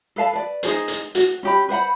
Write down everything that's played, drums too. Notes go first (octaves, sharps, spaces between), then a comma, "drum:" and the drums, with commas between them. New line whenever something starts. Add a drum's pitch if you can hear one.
A4 B4 F5 A5
B4 D5
D#4 G#4 C5, drum: hi-hat
drum: hi-hat
F#4, drum: hi-hat
C#4 G4 B5
B4 C5 F#5 B5